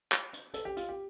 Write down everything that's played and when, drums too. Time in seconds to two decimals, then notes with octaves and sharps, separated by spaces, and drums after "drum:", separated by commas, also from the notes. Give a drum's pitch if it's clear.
0.12 drum: clap
0.33 drum: hi-hat
0.54 A4, drum: hi-hat
0.65 G4
0.77 F4, drum: hi-hat
0.89 G4